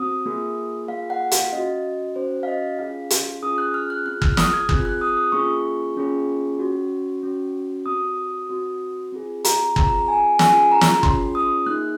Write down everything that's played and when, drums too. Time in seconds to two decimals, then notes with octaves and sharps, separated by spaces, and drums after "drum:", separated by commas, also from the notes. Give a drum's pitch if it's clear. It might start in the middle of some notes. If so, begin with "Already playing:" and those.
Already playing: C4 F#4 D#6
0.26 A#3 F4 G#4
0.88 A#3 F4 G#4 F5
1.10 F#5
1.32 F5, drum: hi-hat
1.52 C#4 F#4 D#5
2.16 C#4 F#4 C5
2.43 F5
2.47 D#5
2.79 C#4 F4 G#4 F5
3.10 drum: hi-hat
3.42 C#4 F4 G#4 D#6
3.58 F#6
3.74 F6
3.90 F#6
4.05 C4 F4 G#4 F#6
4.22 F6, drum: kick
4.37 D#6, drum: snare
4.54 G#6
4.69 C4 F4 G#4 F#6, drum: kick
4.85 F#6
5.01 D#6
5.17 D#6
5.32 A#3 C#4 F4 G#4 C#6
5.97 A#3 C#4 F4 G#4
6.59 C#4 F#4
7.23 C#4 F#4
7.86 C4 F#4 D#6
8.49 C4 F#4
9.12 C4 F4 G#4
9.45 A#5, drum: hi-hat
9.76 C4 F4 G#4 A#5, drum: kick
10.08 G#5
10.39 C#4 F4 G#4 G#5, drum: snare
10.72 A#5
10.81 drum: snare
11.03 C#4 F4 G#4 C6, drum: kick
11.35 D#6
11.66 A#3 D#4 G#4 F#6